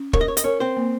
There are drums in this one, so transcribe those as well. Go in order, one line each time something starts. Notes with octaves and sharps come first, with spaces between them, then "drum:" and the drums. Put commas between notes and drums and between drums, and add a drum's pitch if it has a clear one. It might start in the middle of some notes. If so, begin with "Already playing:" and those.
Already playing: C#4
A#4 C#5, drum: kick
D#5
C#5
D#5, drum: hi-hat
C#4 A#4 C#5
C4 C5
A#3